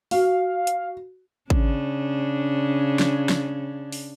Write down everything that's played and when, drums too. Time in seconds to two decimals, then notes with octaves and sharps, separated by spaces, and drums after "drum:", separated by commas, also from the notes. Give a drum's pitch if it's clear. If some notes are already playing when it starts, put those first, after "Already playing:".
0.11 F#4 F5, drum: open hi-hat
0.67 drum: hi-hat
1.50 C#3 D4, drum: kick
2.99 drum: snare
3.29 drum: snare
3.92 drum: open hi-hat